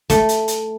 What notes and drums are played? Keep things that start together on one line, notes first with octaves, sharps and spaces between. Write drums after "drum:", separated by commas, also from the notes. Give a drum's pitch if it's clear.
A3, drum: kick, hi-hat
drum: hi-hat
drum: hi-hat